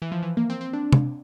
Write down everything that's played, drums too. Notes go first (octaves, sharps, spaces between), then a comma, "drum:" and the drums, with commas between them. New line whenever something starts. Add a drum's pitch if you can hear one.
E3
F3
E3
A#3
C4
C4
D4
drum: tom C3